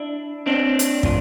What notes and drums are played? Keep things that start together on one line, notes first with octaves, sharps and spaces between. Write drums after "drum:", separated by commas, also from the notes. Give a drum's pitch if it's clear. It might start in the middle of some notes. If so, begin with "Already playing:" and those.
Already playing: D4 E4
C4 D4
drum: hi-hat
A2 F3, drum: kick